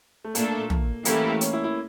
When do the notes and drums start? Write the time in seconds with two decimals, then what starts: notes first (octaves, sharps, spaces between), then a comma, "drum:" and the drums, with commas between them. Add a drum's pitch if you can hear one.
0.24 A3
0.35 A#2 A3 A#3 D4 A4, drum: hi-hat
0.70 drum: tom
1.05 E3 A3 A#3 C#4 E4 G4, drum: hi-hat
1.41 C#4, drum: hi-hat
1.53 E4
1.64 E4